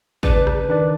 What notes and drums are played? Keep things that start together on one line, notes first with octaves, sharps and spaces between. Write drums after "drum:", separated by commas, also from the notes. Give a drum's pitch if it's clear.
C#3 B4 D5 A5, drum: kick
drum: rim click
D#3 D4 D5